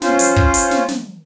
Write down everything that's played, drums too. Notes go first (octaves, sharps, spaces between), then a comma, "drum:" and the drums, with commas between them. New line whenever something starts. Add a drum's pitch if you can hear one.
C#4 F4 C5, drum: snare
drum: hi-hat
drum: kick
drum: hi-hat
drum: snare
drum: snare